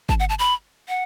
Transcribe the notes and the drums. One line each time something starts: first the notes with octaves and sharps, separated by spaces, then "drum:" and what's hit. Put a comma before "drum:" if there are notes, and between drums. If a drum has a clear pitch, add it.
A5, drum: kick G1
F#5
A5
B5
F#5